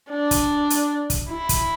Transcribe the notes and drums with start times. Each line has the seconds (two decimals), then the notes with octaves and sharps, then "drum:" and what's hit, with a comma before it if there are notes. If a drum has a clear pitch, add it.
0.11 D4
0.31 drum: kick, hi-hat
0.70 drum: hi-hat
1.10 drum: kick, hi-hat
1.29 E4
1.49 drum: kick, hi-hat